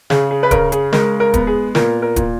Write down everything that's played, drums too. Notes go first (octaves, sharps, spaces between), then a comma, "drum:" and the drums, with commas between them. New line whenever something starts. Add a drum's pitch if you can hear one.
C#3 G#4, drum: snare
G#4
B4
C#3 A#4, drum: kick D1, hi-hat
G#4, drum: hi-hat
G#3 A#4, drum: snare
A#4
B3, drum: kick D1, hi-hat
G#4
A#2 A#4, drum: snare
A#4
A#2, drum: kick D1, hi-hat